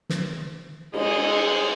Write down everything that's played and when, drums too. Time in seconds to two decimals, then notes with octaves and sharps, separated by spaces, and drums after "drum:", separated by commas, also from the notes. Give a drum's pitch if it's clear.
0.09 drum: snare
0.94 G#3 D#5, drum: cymbal